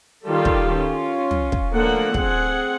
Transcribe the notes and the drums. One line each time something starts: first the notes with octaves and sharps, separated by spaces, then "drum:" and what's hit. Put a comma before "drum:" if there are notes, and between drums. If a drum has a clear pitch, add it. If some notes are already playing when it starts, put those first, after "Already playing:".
D#3 G3 F4 G4 A4
drum: kick
C#4 F4
drum: tom
drum: kick
D3 F3 A3 A#3 A4 F#5
C4 G#4 F#5, drum: kick